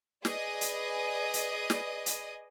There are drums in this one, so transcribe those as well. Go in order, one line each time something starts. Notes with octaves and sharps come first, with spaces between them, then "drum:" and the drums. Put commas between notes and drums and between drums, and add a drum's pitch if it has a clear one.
G#4 B4 D5 D#5 D#6, drum: snare
drum: hi-hat
drum: hi-hat
drum: snare
drum: hi-hat